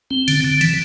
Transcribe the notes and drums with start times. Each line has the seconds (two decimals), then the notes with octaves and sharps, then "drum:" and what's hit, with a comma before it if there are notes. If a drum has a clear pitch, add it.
0.11 C4
0.28 D3, drum: cymbal
0.44 D3
0.61 E3, drum: cymbal